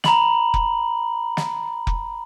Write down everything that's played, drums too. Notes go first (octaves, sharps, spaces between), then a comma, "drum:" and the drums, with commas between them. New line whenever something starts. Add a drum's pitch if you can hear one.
A#5 B5 F#7, drum: snare
drum: kick F1
drum: snare
drum: kick F1